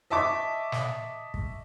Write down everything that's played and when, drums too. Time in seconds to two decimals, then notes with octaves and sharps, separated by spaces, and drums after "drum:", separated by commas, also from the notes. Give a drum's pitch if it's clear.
0.10 D#5 E5 A5 C#6 D6
0.72 drum: snare
1.34 drum: kick